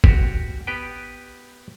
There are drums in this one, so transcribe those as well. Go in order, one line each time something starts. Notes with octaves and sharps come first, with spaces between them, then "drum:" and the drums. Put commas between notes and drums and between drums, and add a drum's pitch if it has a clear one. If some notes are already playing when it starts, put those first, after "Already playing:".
F#4 G4, drum: kick
B3 G4 B4 G5